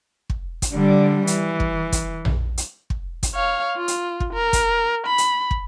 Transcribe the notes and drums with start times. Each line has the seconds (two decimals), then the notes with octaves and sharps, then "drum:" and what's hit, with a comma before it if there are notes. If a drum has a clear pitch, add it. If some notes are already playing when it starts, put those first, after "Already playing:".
0.30 drum: kick
0.62 drum: kick, hi-hat
0.73 D3 G3
1.27 E3, drum: hi-hat
1.60 drum: kick
1.92 drum: kick, hi-hat
2.25 drum: tom A#1
2.58 drum: hi-hat
2.90 drum: kick
3.23 drum: kick, hi-hat
3.35 C#5 F5
3.77 F4
3.88 drum: hi-hat
4.20 drum: kick
4.33 A#4
4.53 drum: kick, hi-hat
5.07 B5
5.18 drum: hi-hat
5.51 drum: kick